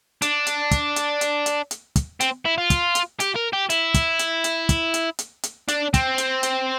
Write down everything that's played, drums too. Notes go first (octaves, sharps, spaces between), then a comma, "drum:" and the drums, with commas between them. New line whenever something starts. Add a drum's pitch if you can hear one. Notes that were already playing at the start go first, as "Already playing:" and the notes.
D4, drum: hi-hat
drum: hi-hat
drum: kick, hi-hat
drum: hi-hat
drum: hi-hat
drum: hi-hat
drum: hi-hat
drum: kick, hi-hat
C4, drum: hi-hat
E4
F4
drum: kick, hi-hat
drum: hi-hat
G4, drum: hi-hat
A#4
G4
E4, drum: hi-hat
drum: kick, hi-hat
drum: hi-hat
drum: hi-hat
drum: kick, hi-hat
drum: hi-hat
drum: hi-hat
drum: hi-hat
D4, drum: hi-hat
C4, drum: kick, hi-hat
drum: hi-hat
drum: hi-hat